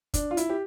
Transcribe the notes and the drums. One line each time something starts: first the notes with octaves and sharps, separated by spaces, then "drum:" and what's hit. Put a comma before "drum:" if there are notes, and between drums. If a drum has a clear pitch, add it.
D4, drum: kick, hi-hat
F4
E4, drum: hi-hat
G4